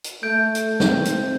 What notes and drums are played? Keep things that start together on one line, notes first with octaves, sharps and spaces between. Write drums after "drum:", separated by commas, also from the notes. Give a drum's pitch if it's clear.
drum: hi-hat
A3 G6 D7
drum: hi-hat
C4, drum: snare
drum: hi-hat